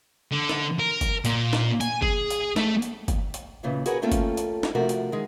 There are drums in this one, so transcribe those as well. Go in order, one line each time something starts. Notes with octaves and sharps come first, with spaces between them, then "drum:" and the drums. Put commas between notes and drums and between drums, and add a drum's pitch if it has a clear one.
D3
drum: snare
A#4
drum: kick G1, hi-hat
A#2, drum: hi-hat
drum: snare
G#5, drum: hi-hat
G#4, drum: kick G1
drum: hi-hat
A3, drum: snare
drum: hi-hat
drum: kick G1, hi-hat
drum: hi-hat
D#2 A#2 C#3 E3
F#4 G#4 A#4 B4 C#5 F#5, drum: hi-hat
A3 A#3 C#4 F4 A4 G5
drum: kick G1, hi-hat
drum: hi-hat
drum: snare
C3 F3 A3 F#4 A#4
drum: hi-hat
D#3 G#3